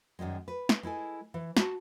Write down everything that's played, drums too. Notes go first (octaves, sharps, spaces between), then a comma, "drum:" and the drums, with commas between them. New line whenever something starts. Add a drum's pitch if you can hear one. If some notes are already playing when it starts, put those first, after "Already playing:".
F#2 D#3 G3 G#3
B4
drum: snare
G#3 E4 A4 G#5
E3
F#4 A5, drum: snare